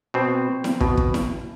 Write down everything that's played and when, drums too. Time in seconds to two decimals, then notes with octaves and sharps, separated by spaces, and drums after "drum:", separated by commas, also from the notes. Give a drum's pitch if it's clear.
0.14 B2 C4
0.64 drum: snare E4
0.81 B2, drum: kick
0.97 drum: kick
1.14 drum: snare E4